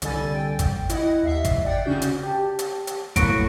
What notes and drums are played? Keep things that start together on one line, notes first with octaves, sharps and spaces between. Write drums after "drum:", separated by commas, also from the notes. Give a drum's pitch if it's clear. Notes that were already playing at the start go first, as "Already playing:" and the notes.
C2 D3 G3 A4 G#5 A6, drum: hi-hat
G5
drum: kick G#1, hi-hat
E4 D#5 F#5, drum: hi-hat
D#2 E5 C7
drum: kick G#1, hi-hat
D5 F#5 G5
C#3 C#4 F#4 G6
drum: hi-hat
G4 G5 A5
drum: hi-hat
drum: hi-hat
A2 F#3 A#3 B3 F#4 D7, drum: kick G#1, hi-hat